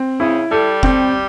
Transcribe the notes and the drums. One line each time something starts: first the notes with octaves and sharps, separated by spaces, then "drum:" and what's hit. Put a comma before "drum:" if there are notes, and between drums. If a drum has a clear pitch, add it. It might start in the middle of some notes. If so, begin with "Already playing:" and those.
Already playing: C4
C#3 E4
G3 A4
C4, drum: kick